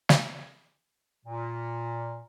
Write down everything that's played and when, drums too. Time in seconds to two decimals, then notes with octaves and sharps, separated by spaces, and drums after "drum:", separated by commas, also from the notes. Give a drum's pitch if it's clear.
0.09 drum: snare
1.26 A#2